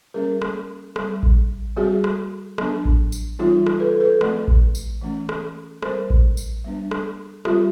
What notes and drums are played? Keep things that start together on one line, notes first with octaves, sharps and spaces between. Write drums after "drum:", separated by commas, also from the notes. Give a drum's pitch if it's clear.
G3 A#3 C#4 G#4 A#4
drum: rim click
G3 C4, drum: rim click
drum: kick A1
G3 C4 F#4 G#4
drum: rim click
F#3 B3 D4, drum: rim click
drum: kick A1
drum: tambourine
E3 G3 C4 D#4 F4
drum: rim click
A4 B4
A4 B4
F3 A3 C4, drum: rim click
drum: kick A1
drum: tambourine
E3 A3 C#4
drum: rim click
G3 C4 A#4 C5, drum: rim click
drum: kick A1
drum: tambourine
G3 B3 D4
drum: rim click
G3 C4 F4 G4, drum: rim click